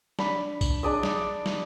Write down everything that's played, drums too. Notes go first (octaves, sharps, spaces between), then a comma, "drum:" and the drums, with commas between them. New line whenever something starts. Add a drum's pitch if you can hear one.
D4 B5, drum: snare
drum: kick A#1, tambourine
D4 G#4 D5 D#5
drum: snare
drum: snare